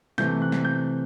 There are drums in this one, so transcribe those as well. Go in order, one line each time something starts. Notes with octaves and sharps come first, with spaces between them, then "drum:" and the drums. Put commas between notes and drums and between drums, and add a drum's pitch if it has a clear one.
C3 E3 A3 C4 G6, drum: snare
F#6
drum: snare
G6